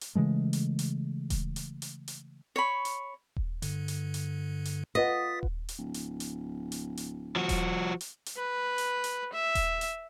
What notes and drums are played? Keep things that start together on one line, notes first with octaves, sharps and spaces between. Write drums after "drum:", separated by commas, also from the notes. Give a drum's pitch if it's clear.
drum: hi-hat
C#3 E3 G#3 A3
drum: hi-hat
drum: hi-hat
drum: kick D#1, hi-hat
drum: hi-hat
drum: hi-hat
drum: hi-hat
C#5 B5
drum: hi-hat
drum: kick D#1
G2 D3, drum: hi-hat
drum: hi-hat
drum: hi-hat
drum: hi-hat
F4 B4 D#5 F#5 D#6 A6 B6
drum: kick D#1
drum: hi-hat
D1
drum: hi-hat
drum: hi-hat
drum: hi-hat
drum: hi-hat
F3 F#4
drum: kick D#1, hi-hat
drum: hi-hat
drum: hi-hat
B4
drum: hi-hat
drum: hi-hat
E5
drum: kick D#1, hi-hat
drum: hi-hat